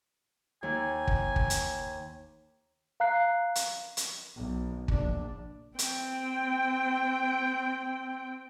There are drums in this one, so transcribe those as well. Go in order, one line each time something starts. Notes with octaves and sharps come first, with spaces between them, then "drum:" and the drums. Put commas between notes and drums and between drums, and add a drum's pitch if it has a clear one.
D#2 G#5
drum: kick
drum: kick
drum: hi-hat
F5 A#5 F#6 C7
drum: hi-hat
drum: hi-hat
B1
A#1 D4, drum: kick
C4 G5, drum: hi-hat